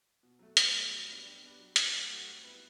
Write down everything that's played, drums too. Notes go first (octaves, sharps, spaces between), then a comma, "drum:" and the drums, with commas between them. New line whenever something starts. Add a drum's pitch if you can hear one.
B2
F#3 A3
B2, drum: hi-hat
F#3 A3
G3
B3 D4
G3
B3 D4
F#3
A3 C4 F#4, drum: hi-hat
F#3
A3 C4 F#4
G3
B3 E4 B4